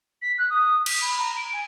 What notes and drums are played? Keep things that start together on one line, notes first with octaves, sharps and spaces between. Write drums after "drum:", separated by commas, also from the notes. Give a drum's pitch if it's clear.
B6
F#6
D#6
B6, drum: cymbal
B5
A#5
D7
G#5